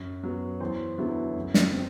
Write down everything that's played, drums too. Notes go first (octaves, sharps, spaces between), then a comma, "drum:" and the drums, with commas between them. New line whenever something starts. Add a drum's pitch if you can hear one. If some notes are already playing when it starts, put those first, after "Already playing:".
Already playing: F#2
F#3 B3
E2 C5
D3 F#3 B3 E4
F#2
drum: snare
C4